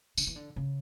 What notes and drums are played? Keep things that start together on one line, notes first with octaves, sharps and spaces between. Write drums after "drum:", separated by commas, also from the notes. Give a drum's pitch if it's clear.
D3, drum: tambourine
E3
D3
C#3